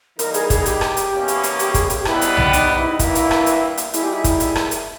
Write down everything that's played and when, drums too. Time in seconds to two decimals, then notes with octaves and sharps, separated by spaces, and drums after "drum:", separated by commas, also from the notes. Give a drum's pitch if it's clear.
0.19 E3 G3 A#3 D#4 A#4, drum: hi-hat
0.34 G#4, drum: hi-hat
0.50 G#4, drum: kick, hi-hat
0.66 G4, drum: hi-hat
0.81 drum: rim click
0.97 drum: hi-hat
1.12 E2 B2 A#3 C#4 E4
1.28 drum: hi-hat
1.43 drum: hi-hat
1.59 G4, drum: hi-hat
1.74 G#4, drum: kick, hi-hat
1.90 G4, drum: hi-hat
2.05 G#2 G3 B3 E4 G4 B4, drum: rim click
2.21 drum: hi-hat
2.37 drum: tom B1
2.53 D#4, drum: hi-hat
2.77 E4
2.88 D#4
2.99 G2 E3 A#3 E4, drum: kick, hi-hat
3.15 drum: hi-hat
3.31 drum: rim click
3.46 drum: hi-hat
3.77 drum: hi-hat
3.94 G3 A#3 D#4 E4 G#4, drum: hi-hat
4.03 G4
4.13 E4
4.24 drum: kick, hi-hat
4.40 drum: hi-hat
4.55 drum: rim click
4.71 drum: hi-hat